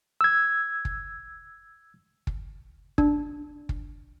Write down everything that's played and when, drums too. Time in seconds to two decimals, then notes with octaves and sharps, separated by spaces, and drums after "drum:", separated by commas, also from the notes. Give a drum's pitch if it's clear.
0.21 E6 G#6
0.85 drum: kick
2.27 drum: kick
2.98 D4, drum: kick
3.69 drum: kick